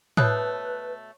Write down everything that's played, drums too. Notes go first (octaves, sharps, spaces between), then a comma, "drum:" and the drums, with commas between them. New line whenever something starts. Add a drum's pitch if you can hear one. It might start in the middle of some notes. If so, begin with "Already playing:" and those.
B2 A3 B4 C#5 D#6 F#6, drum: tom A2